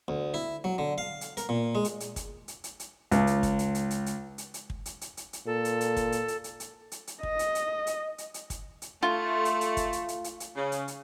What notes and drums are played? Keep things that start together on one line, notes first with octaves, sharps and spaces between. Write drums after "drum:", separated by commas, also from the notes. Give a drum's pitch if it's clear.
D2
E4
F#3
D3
F5
drum: hi-hat
A#4, drum: hi-hat
A#2
G#3
drum: hi-hat
drum: hi-hat
drum: kick, hi-hat
drum: hi-hat
drum: hi-hat
drum: hi-hat
C#2, drum: hi-hat
drum: hi-hat
drum: kick, hi-hat
drum: hi-hat
drum: hi-hat
drum: hi-hat
drum: hi-hat
drum: hi-hat
drum: hi-hat
drum: kick
drum: hi-hat
drum: hi-hat
drum: hi-hat
drum: hi-hat
A#2 A4
drum: hi-hat
drum: hi-hat
drum: kick, hi-hat
drum: hi-hat
drum: hi-hat
drum: hi-hat
drum: hi-hat
drum: hi-hat
drum: hi-hat
D#5, drum: kick
drum: hi-hat
drum: hi-hat
drum: hi-hat
drum: hi-hat
drum: hi-hat
drum: kick, hi-hat
drum: hi-hat
A3 F4
drum: hi-hat
drum: hi-hat
drum: kick, hi-hat
drum: hi-hat
drum: hi-hat
drum: hi-hat
drum: hi-hat
C#3
drum: hi-hat
drum: hi-hat